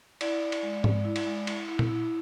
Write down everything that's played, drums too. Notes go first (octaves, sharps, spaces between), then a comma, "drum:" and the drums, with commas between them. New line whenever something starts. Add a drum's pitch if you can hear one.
E4 D5, drum: cymbal
E4
drum: cymbal
G#3
G#3, drum: tom G#2
E4
drum: cymbal
G#3
E4, drum: cymbal
E4
drum: tom A#2
E4